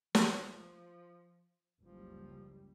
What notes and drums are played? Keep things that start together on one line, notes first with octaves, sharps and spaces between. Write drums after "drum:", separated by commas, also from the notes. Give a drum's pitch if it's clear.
F3, drum: snare
F#1 C#2 F3 G3